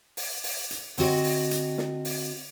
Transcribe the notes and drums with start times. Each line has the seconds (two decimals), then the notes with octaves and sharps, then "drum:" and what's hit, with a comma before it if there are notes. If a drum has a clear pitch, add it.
0.17 drum: open hi-hat
0.44 drum: open hi-hat
0.71 drum: hi-hat
0.97 D3 C4 F#4 D#5, drum: open hi-hat
1.24 drum: open hi-hat
1.51 drum: hi-hat
1.78 drum: snare
2.05 drum: open hi-hat